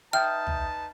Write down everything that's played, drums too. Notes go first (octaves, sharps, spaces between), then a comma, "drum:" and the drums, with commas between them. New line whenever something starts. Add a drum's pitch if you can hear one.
D#4 B4 E5 G5 A5 D#6 F6 G6
drum: tom